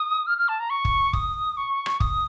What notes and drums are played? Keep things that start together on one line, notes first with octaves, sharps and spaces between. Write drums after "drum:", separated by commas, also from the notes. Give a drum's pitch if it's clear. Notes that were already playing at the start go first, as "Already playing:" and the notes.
Already playing: D#6
F6
F6
A5
A#5
C#6
drum: kick
D#6, drum: kick
C#6
drum: rim click
D#6, drum: kick